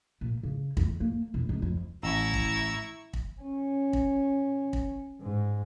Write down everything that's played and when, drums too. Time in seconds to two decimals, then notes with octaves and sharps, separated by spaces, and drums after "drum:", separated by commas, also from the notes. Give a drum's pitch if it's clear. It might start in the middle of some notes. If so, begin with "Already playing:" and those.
0.21 A#2
0.43 C#3
0.77 E2, drum: kick
1.00 A#3
1.34 E1
1.49 C#2
1.62 F2
2.03 A1 E4 A#5 C#6 E6
2.34 drum: kick
3.13 drum: kick
3.41 C#4
3.93 drum: kick
4.73 drum: kick
5.20 G#2